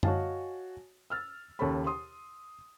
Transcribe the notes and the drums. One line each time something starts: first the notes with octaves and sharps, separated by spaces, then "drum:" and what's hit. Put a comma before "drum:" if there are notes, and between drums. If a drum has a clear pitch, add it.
F#4 C#5 D#5 F5 G#5 A5, drum: tom F#2
E6 F6 A6
D#2 C#3 A4 C#5 A5 B5
C6 D#6